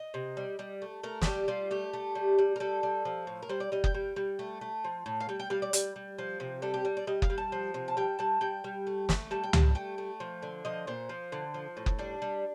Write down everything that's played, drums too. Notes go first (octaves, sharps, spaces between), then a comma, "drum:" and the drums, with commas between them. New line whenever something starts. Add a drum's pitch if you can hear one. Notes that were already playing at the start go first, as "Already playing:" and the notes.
Already playing: D#5
C3
G3
G3
A3
A3 A#4
A4, drum: snare
G3 G4
G3 F4
A3 G4
A3
G3
G3
A#4
G3 A4
G3
F3
A2
A#4
G3 C5
D5
G3 D#5
G5, drum: kick F#1
G3
G3
A3
A3
F3
A2
F5
G3 G5
G5
G3 F5
D5
G3, drum: hi-hat
G3
F3
C3
G3 A4
G4
G3
D5
G3 D#5
F5, drum: kick F#1
G3
A5
F3
C3
A5
G3 G5
G3 A5
G3 G5
G3
A3
A3, drum: snare
G3 A5
G5
G3 A5, drum: tom
A3 G5
A3
F3
D3
F3 D#5
A#2 C5
F3
D3
F3
A2
drum: kick F#1
G3 D4
G3